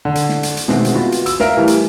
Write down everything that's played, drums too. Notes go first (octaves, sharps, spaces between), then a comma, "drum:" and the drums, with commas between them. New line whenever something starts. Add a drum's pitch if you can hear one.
D3
drum: hi-hat
drum: snare
drum: hi-hat
drum: hi-hat
B2 D3 D#3 G#3 A3 C4, drum: snare
drum: hi-hat
B3 F4 F#4 B4
drum: hi-hat
E6, drum: hi-hat
A#4 E5 F5, drum: snare
E3 G3 A3
drum: hi-hat